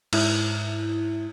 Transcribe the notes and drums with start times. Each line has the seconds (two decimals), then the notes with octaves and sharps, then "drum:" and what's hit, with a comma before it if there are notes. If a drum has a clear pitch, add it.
0.13 G#2 E4, drum: cymbal